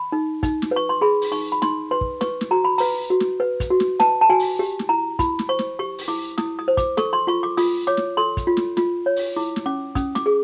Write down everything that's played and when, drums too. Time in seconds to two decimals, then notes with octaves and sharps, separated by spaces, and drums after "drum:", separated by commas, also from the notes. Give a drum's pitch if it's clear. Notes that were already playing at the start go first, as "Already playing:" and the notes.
Already playing: B5
0.12 D#4
0.43 D#4, drum: kick, hi-hat
0.62 drum: snare
0.71 B4 C#6
0.89 C6
1.01 G#4 B5
1.22 drum: open hi-hat
1.32 D#4 C#6
1.52 B5
1.62 D#4 C6, drum: snare
1.91 B4 C6
2.01 drum: kick
2.21 B4 C#6, drum: snare
2.41 drum: snare
2.51 F#4 A#5
2.64 B5
2.78 B4 A#5, drum: open hi-hat
3.10 F#4
3.20 drum: snare
3.40 B4
3.60 drum: kick, hi-hat
3.71 F#4
3.80 drum: snare
4.00 B4 A5, drum: snare
4.21 A5
4.30 F#4 G#5
4.40 drum: open hi-hat
4.59 G4
4.79 drum: snare
4.89 E4 A#5
5.19 E4 B5, drum: kick, hi-hat
5.39 drum: snare
5.49 C5 C#6
5.59 drum: snare
5.79 G4 C#6
5.98 drum: open hi-hat
6.08 E4 D6
6.38 E4 D#6, drum: snare
6.59 D#6
6.68 C5
6.77 D6, drum: kick, hi-hat
6.97 A4 C#6, drum: snare
7.13 C6
7.27 F4 C#6
7.43 D6
7.57 F4 D#6, drum: open hi-hat
7.87 C#5 D6
7.97 drum: snare
8.17 A4 C6
8.37 drum: kick, hi-hat
8.47 F4
8.57 drum: snare
8.77 F4, drum: snare
9.06 C#5
9.16 drum: open hi-hat
9.36 E4 D6
9.56 drum: snare
9.66 C#4 D6
9.95 C#4 D#6, drum: kick, hi-hat
10.15 D6, drum: snare
10.26 G#4